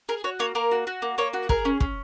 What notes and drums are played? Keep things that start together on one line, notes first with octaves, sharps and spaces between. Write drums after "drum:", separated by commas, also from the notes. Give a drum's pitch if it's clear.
G#4 A#4
F#4 C#5
A#3 C#5
A#3 A#4
F#4
F#4
A#3
A#3 C#5
F#4
G#4 A#4, drum: kick
C#4
C#4, drum: kick